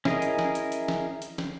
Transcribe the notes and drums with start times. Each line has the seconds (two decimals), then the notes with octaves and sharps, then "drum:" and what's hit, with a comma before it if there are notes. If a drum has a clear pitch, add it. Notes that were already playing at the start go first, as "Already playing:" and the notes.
0.05 C#4 E4 G#4 A#4 D#5, drum: snare
0.22 drum: hi-hat
0.39 drum: snare
0.55 drum: hi-hat
0.72 drum: hi-hat
0.88 drum: snare
1.22 drum: hi-hat
1.38 drum: snare